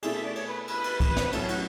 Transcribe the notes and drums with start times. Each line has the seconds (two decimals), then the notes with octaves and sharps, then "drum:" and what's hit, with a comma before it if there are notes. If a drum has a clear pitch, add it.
0.03 B2 A3 E4 G#4 D5, drum: cymbal
0.14 E5
0.24 D5
0.35 C#5, drum: cymbal
0.45 B4
0.68 B4, drum: cymbal
0.84 drum: cymbal
1.00 drum: kick, cymbal
1.17 drum: snare
1.32 A2 F#3 C#4 A4, drum: cymbal
1.41 G#4
1.49 F#4, drum: cymbal